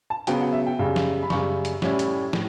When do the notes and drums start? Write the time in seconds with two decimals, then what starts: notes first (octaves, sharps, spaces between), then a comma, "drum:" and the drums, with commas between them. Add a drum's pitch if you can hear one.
0.10 A5
0.27 C#3 F#3 B3 G5, drum: hi-hat
0.41 F#5
0.53 E5
0.66 G5
0.79 F#2 C#3 G3
0.96 drum: snare
1.23 B5
1.30 F#2 C#3 G3 C#6, drum: snare
1.65 drum: hi-hat
1.82 A2 G3 C#4 E4, drum: snare
1.99 drum: hi-hat
2.33 A2, drum: snare